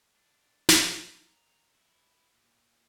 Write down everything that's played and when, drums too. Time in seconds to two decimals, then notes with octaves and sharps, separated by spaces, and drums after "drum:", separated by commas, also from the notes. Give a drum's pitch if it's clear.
0.17 D4
0.69 drum: snare
1.15 A#5
1.75 E4
2.33 A#2